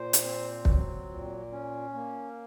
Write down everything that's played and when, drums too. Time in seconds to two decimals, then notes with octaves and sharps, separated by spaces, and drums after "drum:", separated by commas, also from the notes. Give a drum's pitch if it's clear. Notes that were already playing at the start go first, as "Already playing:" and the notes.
Already playing: A#2 C5
0.13 drum: hi-hat
0.22 C4
0.65 F#3, drum: kick
1.09 A#2
1.51 C#4
1.94 A#3